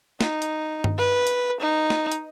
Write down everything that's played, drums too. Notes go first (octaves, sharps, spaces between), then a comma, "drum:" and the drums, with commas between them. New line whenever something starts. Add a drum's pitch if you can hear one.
D#4, drum: snare
drum: hi-hat
drum: tom G2
B4
drum: hi-hat
D#4
drum: snare
drum: hi-hat